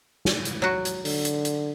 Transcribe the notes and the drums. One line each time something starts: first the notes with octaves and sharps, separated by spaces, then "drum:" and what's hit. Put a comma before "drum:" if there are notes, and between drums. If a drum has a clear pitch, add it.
drum: snare
drum: hi-hat
F#3 F#4
drum: hi-hat
D3, drum: open hi-hat
drum: hi-hat
drum: hi-hat